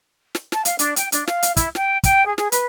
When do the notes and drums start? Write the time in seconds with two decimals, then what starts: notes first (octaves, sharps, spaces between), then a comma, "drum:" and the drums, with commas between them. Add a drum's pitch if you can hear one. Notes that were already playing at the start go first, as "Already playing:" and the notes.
0.35 drum: snare
0.52 A5, drum: snare
0.65 F5, drum: hi-hat
0.79 D4, drum: hi-hat
0.96 G5, drum: hi-hat
1.12 D4, drum: hi-hat
1.27 F5, drum: snare
1.43 drum: hi-hat
1.57 E4, drum: kick, hi-hat
1.75 G5, drum: snare
2.03 G5, drum: kick, hi-hat
2.25 G#4
2.38 G#4, drum: snare
2.52 B4, drum: hi-hat